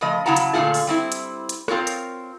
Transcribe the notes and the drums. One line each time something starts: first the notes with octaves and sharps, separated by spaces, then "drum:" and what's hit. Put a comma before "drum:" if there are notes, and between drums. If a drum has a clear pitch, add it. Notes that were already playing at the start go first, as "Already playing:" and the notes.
C#3 F3 A3 D#5
C#3 F#3 E4 F#5 A5 A#5
drum: hi-hat
A#2 D3 D#3 A3 F4 G#4
drum: open hi-hat
G3 C4 E4
drum: hi-hat
drum: hi-hat
C4 F4 A#4 C#5, drum: rim click
drum: hi-hat